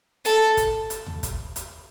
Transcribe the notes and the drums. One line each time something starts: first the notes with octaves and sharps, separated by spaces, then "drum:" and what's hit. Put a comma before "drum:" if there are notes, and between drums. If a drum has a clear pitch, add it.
A4, drum: hi-hat
drum: kick, hi-hat
drum: hi-hat
drum: tom D#2
drum: kick, hi-hat
drum: hi-hat